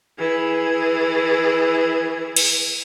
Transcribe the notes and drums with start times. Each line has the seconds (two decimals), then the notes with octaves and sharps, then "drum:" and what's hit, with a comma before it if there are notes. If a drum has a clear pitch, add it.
0.18 E3 G#4
2.36 drum: cymbal